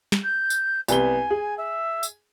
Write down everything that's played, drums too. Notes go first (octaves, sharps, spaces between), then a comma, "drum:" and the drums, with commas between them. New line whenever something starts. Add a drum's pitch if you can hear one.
drum: snare
G6
drum: tambourine
C2 B3 G#5 G7, drum: tambourine
G#4
E5
drum: tambourine